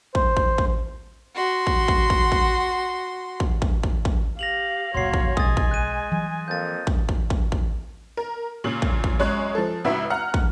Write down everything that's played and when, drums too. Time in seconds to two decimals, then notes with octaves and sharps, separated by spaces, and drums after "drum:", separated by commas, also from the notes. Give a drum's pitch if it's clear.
0.15 C5, drum: kick
0.37 drum: kick
0.58 drum: kick
1.35 F#4 C6
1.67 drum: kick
1.88 drum: kick
2.10 drum: kick
2.32 drum: kick
3.40 drum: kick
3.62 drum: kick
3.83 drum: kick
4.05 drum: kick
4.39 G4 F5 A#6 F7 F#7
4.94 F1 C#2 A#2 F#3 C#5 F5 C6 C7
5.14 drum: kick
5.37 B1 G#3 G#5 D#6 A6, drum: kick
5.57 drum: kick
5.71 F#6 D#7
6.12 E3 F#3 G3
6.48 F2 A#3 G6 A6
6.87 drum: kick
7.09 drum: kick
7.30 drum: kick
7.52 drum: kick
8.17 A#4
8.64 A#2 C#3 F#7
8.82 drum: kick
9.04 drum: kick
9.19 F#2 G#3 C#5 F#6
9.55 F3 A4
9.84 C#2 A2 D#4 F#4 B4 E5
10.10 F#5 A#5 F6
10.34 drum: kick